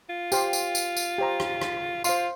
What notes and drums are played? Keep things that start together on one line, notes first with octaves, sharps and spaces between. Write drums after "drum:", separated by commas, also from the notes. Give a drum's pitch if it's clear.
F4
G4 C5 F5 C6, drum: tambourine
drum: tambourine
drum: tambourine
drum: tambourine
G4 C5 A#5
drum: rim click
drum: rim click
F4 C5 F5 C6, drum: tambourine